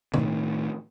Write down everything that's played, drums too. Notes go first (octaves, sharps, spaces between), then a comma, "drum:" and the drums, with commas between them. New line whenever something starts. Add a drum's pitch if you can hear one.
A2 D#3, drum: tom